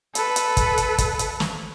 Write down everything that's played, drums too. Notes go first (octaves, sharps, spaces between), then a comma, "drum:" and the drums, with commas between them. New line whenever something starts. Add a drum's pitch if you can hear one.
A4 B4, drum: hi-hat
drum: hi-hat
drum: kick, hi-hat
drum: hi-hat
drum: kick, hi-hat
drum: hi-hat
drum: snare